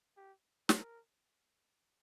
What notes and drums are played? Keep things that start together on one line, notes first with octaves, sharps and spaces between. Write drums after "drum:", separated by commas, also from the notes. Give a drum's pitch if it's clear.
G4
A#4, drum: snare